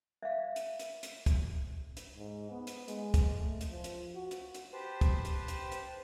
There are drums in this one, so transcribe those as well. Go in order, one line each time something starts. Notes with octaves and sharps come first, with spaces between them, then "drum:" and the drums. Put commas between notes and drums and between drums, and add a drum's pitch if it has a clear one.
E5 F5
drum: hi-hat
drum: hi-hat
drum: hi-hat
drum: kick, hi-hat
drum: hi-hat
G#2
B3
drum: hi-hat
G#3, drum: hi-hat
drum: kick, hi-hat
A3
drum: hi-hat
F3
drum: hi-hat
F#4
drum: hi-hat
drum: hi-hat
G4 B4 C5 A5
drum: kick, hi-hat
drum: hi-hat
drum: hi-hat
drum: hi-hat